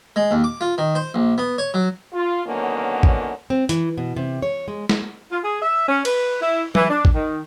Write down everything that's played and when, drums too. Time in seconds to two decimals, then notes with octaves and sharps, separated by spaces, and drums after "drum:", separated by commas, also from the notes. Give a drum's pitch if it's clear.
0.16 G#3
0.31 D#2
0.44 D6
0.61 F4
0.78 D#3
0.95 C5
1.14 A#1
1.38 B3
1.58 C#5
1.74 F#3
2.13 F4
2.45 D3 D#3 F#3 A#3 B3 C#4
3.03 drum: kick A1
3.50 C4
3.69 E3, drum: hi-hat
3.98 B2
4.16 C3
4.42 C#5
4.68 G#3
4.89 drum: snare
5.32 F4
5.44 G#4
5.62 E5
5.89 C#4
6.05 B4, drum: cymbal
6.41 E4
6.75 E3, drum: tom
6.90 D4
7.05 drum: kick A1
7.14 D#3